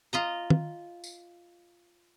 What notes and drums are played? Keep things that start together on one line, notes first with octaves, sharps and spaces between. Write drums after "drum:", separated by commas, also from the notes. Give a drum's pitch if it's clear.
F4 D#5 A#5
drum: tom
drum: tambourine